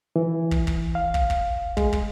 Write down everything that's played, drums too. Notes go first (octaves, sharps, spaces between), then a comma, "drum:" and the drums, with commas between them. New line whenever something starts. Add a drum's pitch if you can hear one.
E3
drum: kick
drum: kick
F5
drum: kick
drum: kick
G#3, drum: kick
drum: kick